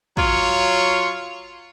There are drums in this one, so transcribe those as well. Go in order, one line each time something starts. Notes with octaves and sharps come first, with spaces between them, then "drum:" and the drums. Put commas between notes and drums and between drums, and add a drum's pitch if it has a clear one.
F#3 F4 C#5, drum: kick